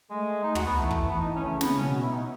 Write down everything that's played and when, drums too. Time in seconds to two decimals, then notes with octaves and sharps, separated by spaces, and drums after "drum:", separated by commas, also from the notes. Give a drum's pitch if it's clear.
0.10 G#3 A3
0.43 D#4
0.55 F#4, drum: tom
0.66 B3
0.77 E3 A3
0.91 drum: kick
1.10 E3 B3
1.19 D#4
1.35 C#4
1.44 C#3 A3
1.61 B3, drum: snare
1.78 B2 C#4
1.95 F#4
2.03 E4
2.11 D#4